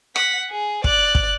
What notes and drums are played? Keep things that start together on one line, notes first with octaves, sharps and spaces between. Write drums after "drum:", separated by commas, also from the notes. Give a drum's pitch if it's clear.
F#5 B6, drum: rim click
G#4
D5 F#6, drum: kick
drum: kick